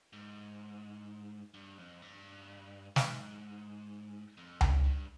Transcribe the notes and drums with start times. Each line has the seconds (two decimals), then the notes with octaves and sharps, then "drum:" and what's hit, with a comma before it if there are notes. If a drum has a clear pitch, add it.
0.13 G#2
1.54 G2
1.78 F2
2.02 G2
2.96 G#2, drum: snare
4.38 F2
4.61 G2, drum: tom C#2
4.84 G2